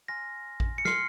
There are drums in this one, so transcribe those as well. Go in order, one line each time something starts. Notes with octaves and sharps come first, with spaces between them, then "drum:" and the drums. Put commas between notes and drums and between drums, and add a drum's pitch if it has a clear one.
G#5 C6 F6 A#6
drum: kick A1
C#7
C6 F6 C7, drum: snare